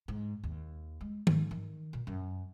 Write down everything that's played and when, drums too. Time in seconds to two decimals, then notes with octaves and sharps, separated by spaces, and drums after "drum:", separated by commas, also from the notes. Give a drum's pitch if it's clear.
0.08 G#2
0.44 D#2
1.01 G#3
1.27 G#2, drum: tom D#3
1.51 D#3
1.93 A#2
2.07 F#2